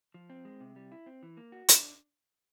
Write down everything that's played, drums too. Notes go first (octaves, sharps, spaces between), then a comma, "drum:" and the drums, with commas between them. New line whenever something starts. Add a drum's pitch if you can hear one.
F3
C4
G#3
C3
G3
E4
C4
E3
A#3
F#4
D4, drum: hi-hat